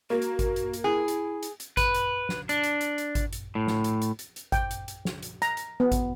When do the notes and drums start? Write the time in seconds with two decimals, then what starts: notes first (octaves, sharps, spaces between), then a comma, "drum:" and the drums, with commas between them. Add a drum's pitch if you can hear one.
0.10 A#3 F#4
0.22 drum: hi-hat
0.39 drum: kick G#1, hi-hat
0.56 drum: hi-hat
0.74 drum: hi-hat
0.84 E4 G#4
1.08 drum: hi-hat
1.43 drum: hi-hat
1.60 drum: hi-hat
1.77 B4, drum: kick G#1, hi-hat
1.94 drum: hi-hat
2.29 drum: snare
2.49 D4, drum: hi-hat
2.63 drum: hi-hat
2.81 drum: hi-hat
2.98 drum: hi-hat
3.15 drum: kick G#1, hi-hat
3.33 drum: hi-hat
3.55 A2
3.67 drum: snare
3.84 drum: hi-hat
4.02 drum: hi-hat
4.19 drum: hi-hat
4.36 drum: hi-hat
4.52 G5, drum: kick G#1, hi-hat
4.71 drum: hi-hat
4.88 drum: hi-hat
5.05 drum: snare
5.23 drum: hi-hat
5.42 A#5, drum: hi-hat
5.57 drum: hi-hat
5.80 B3
5.92 drum: kick G#1, hi-hat